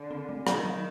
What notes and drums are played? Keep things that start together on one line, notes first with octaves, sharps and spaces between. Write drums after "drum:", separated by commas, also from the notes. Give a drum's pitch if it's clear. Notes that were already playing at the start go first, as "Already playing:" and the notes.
Already playing: D3
C4
A3
D#3 F#3, drum: rim click
F#3